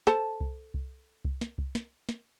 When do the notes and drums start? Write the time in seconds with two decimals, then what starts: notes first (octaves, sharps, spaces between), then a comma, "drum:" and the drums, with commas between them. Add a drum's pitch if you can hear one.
0.07 A4 C5 A5, drum: snare
0.41 drum: kick C2
0.74 drum: kick C2
1.25 drum: kick C2
1.41 drum: snare
1.58 drum: kick C2
1.75 drum: snare
2.09 drum: snare